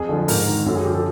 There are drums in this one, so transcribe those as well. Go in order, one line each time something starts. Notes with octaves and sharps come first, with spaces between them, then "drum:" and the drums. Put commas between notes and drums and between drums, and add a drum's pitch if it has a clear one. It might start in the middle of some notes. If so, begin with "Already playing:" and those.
Already playing: F2 G#4
D3 F3
G#2 A#4, drum: open hi-hat
D#3
F#2 A4
G#4
D3 G4
F3 A4